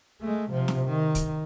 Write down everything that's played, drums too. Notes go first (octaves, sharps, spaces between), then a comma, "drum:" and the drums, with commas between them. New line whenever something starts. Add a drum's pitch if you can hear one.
G#3 A3
C3 F3
drum: snare
D#3
drum: kick, hi-hat